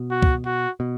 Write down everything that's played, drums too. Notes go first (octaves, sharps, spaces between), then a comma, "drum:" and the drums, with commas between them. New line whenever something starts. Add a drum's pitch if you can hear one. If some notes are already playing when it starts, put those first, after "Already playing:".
Already playing: B2
F#4
drum: kick C#2
F#4
B2